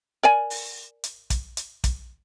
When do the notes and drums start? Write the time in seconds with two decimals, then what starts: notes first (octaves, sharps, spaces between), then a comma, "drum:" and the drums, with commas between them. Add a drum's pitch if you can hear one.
0.23 A#4 D5 G#5
0.50 drum: open hi-hat
1.04 drum: hi-hat
1.30 drum: kick, hi-hat
1.57 drum: hi-hat
1.84 drum: kick, hi-hat